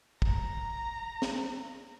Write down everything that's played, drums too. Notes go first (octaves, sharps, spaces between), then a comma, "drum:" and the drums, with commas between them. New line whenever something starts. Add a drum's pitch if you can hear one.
A#5, drum: kick
drum: snare